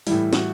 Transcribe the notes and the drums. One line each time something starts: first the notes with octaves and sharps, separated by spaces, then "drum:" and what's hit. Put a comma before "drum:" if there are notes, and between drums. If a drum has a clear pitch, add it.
A2 E3 G3 E4, drum: open hi-hat
F#4, drum: snare